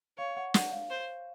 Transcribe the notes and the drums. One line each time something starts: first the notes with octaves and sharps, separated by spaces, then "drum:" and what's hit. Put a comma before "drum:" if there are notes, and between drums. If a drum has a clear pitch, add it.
C#5 F5
F#5
F#5, drum: snare
F5
C5